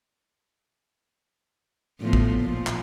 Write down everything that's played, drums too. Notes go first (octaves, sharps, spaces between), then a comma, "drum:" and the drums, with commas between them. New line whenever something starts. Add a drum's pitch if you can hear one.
A2 F3 B3
drum: kick
A#2 F3
drum: clap